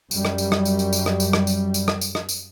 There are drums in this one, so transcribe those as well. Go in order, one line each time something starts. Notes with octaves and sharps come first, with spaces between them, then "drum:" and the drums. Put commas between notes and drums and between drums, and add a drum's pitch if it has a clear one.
F#2 G3, drum: tambourine
drum: rim click
drum: tambourine
drum: rim click
drum: tambourine
drum: tambourine
drum: tambourine
drum: rim click
drum: tambourine
drum: rim click
drum: tambourine
drum: tambourine
drum: rim click
drum: tambourine
drum: rim click
drum: tambourine